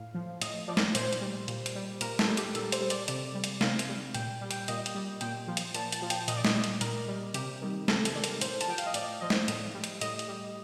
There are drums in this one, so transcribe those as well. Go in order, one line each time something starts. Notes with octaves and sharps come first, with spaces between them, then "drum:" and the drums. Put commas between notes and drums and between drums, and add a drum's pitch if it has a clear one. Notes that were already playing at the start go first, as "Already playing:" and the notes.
Already playing: A2 F5
F3
A2 D#5, drum: hi-hat
F3 D5
drum: snare
A#2 C5, drum: hi-hat
drum: hi-hat
G3
A#2, drum: hi-hat
drum: hi-hat
G3
A#2 A#4, drum: hi-hat
A4, drum: snare
G3
G4, drum: hi-hat
A#2 A4, drum: hi-hat
C5, drum: hi-hat
G3
D5, drum: hi-hat
C3 D5, drum: hi-hat
G3
drum: hi-hat
C3 F5, drum: snare
drum: hi-hat
G3
A#2 G5, drum: hi-hat
G3
G5, drum: hi-hat
A#2 D#5, drum: hi-hat
drum: hi-hat
G3
A#2 G5, drum: hi-hat
F3
drum: hi-hat
A#2 A5, drum: hi-hat
A5, drum: hi-hat
F3
G5, drum: hi-hat
A#2 D#5, drum: hi-hat
D5
D#5, drum: snare
G3
drum: hi-hat
A#2 A#4, drum: hi-hat
G3
C3 G4, drum: hi-hat
D#3 G3
C3 A4, drum: snare
A4, drum: hi-hat
D#3 G3
A#4, drum: hi-hat
A2 C5, drum: hi-hat
A5, drum: hi-hat
F3 G5
F5, drum: hi-hat
D#5
A2 D5, drum: hi-hat
F3 D#5
drum: snare
A2, drum: hi-hat
G3
drum: hi-hat
A2 D#5, drum: hi-hat
drum: hi-hat
G3